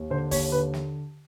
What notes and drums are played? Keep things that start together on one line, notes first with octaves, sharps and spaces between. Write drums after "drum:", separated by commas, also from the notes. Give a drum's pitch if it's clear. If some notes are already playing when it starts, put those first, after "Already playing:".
Already playing: D#2
D3 C5
D#2 C#5, drum: kick, open hi-hat
D3 B4
drum: snare